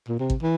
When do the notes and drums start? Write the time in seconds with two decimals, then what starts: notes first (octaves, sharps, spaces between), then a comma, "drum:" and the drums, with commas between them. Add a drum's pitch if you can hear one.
0.08 A#2
0.20 C3
0.30 drum: kick
0.42 E3